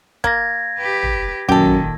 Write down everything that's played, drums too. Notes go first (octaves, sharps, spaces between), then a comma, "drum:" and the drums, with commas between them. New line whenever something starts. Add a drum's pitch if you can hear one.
A#3 G#6 A#6, drum: kick
G4 B4
drum: tom
F#2 A#2 D#3 G4 A4, drum: kick
drum: tom